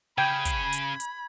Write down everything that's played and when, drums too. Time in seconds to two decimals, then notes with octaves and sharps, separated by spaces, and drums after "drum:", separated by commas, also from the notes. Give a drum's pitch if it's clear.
0.18 C#3 G5 B5 G#6
0.45 drum: kick, hi-hat
0.73 drum: hi-hat
1.00 drum: hi-hat